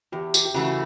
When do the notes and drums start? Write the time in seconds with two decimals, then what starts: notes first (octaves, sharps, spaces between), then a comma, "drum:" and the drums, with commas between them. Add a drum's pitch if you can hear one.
0.12 E2 G4
0.34 G4, drum: tambourine
0.45 G4
0.54 C#3 E3 A3 F#4